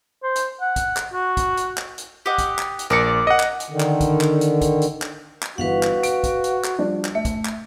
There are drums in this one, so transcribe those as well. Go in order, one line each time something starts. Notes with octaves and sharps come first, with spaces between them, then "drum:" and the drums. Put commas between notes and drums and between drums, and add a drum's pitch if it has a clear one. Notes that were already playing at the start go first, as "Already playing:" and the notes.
C5
drum: hi-hat
F#5
drum: kick, hi-hat
drum: clap
F#4
drum: kick, hi-hat
drum: hi-hat
drum: clap
drum: hi-hat
G4 D#5 F#5
drum: kick, hi-hat
drum: clap
drum: hi-hat
A#1 A#4 D5 C#7
D#5 F#5
drum: clap
drum: hi-hat
D3 D#3
drum: clap
drum: kick, hi-hat
drum: clap
drum: hi-hat
drum: kick, hi-hat
drum: hi-hat
drum: clap
drum: clap
G1 E3 F#4 B4 F5 F#5
drum: clap
D7, drum: hi-hat
drum: kick, hi-hat
drum: hi-hat
drum: clap
F3 G3 D4
drum: clap
A3 E5
drum: kick, hi-hat
drum: clap